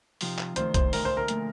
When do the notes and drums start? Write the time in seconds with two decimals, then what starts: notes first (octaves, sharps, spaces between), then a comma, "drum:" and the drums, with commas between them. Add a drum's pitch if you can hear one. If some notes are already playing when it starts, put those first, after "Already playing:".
0.21 C3 F3 C4 D#4, drum: open hi-hat
0.38 drum: clap
0.56 C3 D#3 A3 D4 F4 C5, drum: hi-hat
0.74 C5, drum: kick B1, hi-hat
0.93 D2 D3 A3 A#4, drum: open hi-hat
1.05 C5
1.17 A#4
1.28 A#2 F3 A3, drum: hi-hat